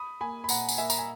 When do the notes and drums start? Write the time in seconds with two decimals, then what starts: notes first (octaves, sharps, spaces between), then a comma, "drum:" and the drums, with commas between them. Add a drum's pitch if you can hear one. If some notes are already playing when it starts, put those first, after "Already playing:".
Already playing: B5 D#6
0.21 A#3 G#5 B5
0.44 B5
0.49 A#2 F#5 A#5, drum: tambourine
0.69 drum: tambourine
0.78 A#3 E5 G#5
0.90 A#5, drum: tambourine
0.98 G#5